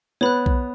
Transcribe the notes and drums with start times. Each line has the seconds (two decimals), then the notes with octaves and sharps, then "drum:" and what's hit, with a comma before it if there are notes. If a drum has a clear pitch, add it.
0.21 B3 C#5 B5 F#6
0.46 drum: kick B1